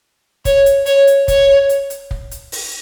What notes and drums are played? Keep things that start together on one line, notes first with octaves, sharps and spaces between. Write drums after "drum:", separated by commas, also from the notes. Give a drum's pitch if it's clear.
C#5, drum: kick, hi-hat
drum: hi-hat
C#5, drum: hi-hat
drum: hi-hat
C#5, drum: kick, hi-hat
drum: hi-hat
drum: hi-hat
drum: kick
drum: hi-hat
drum: open hi-hat